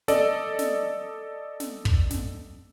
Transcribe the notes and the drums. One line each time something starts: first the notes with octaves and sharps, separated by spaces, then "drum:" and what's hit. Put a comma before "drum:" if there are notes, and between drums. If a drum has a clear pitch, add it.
A4 D5 D#5, drum: snare
drum: snare
drum: snare
drum: kick
drum: snare